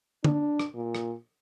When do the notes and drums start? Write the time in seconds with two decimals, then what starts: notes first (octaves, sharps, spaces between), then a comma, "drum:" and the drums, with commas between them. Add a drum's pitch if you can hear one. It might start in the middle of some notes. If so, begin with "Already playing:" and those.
0.24 D4, drum: tom
0.60 drum: rim click
0.74 A#2
0.95 drum: rim click